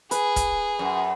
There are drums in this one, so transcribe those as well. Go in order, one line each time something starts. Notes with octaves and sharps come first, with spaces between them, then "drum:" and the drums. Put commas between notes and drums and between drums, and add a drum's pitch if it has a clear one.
G#4 B4, drum: hi-hat
drum: kick, hi-hat
F#2